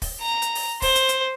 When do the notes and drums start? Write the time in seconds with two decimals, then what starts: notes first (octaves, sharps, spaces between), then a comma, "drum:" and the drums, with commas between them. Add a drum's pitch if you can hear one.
0.02 drum: kick, open hi-hat
0.22 A#5
0.42 drum: hi-hat
0.55 drum: open hi-hat
0.82 C5, drum: kick, open hi-hat
0.95 drum: hi-hat
1.09 drum: hi-hat